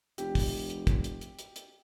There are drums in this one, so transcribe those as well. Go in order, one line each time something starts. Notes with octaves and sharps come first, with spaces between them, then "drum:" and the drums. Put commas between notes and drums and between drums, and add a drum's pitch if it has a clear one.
F1 G4, drum: hi-hat
drum: kick, open hi-hat
drum: hi-hat
drum: kick, hi-hat
drum: hi-hat
drum: hi-hat
drum: hi-hat
drum: hi-hat